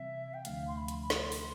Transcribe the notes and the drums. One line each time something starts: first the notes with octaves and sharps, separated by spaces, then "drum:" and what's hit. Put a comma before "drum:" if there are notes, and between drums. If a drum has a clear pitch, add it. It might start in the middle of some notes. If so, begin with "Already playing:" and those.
Already playing: C3 E3 G3 C4 E5
G5
D2 D3 F3 A3 F5, drum: hi-hat
C6
B5
drum: hi-hat
B5
C6, drum: snare
drum: open hi-hat